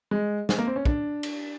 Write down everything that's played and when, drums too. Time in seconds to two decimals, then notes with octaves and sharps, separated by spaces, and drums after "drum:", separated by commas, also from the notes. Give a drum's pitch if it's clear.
0.11 G#3
0.49 G#3, drum: snare
0.58 A#3
0.67 C4
0.76 C#4
0.85 D4, drum: kick
1.23 drum: cymbal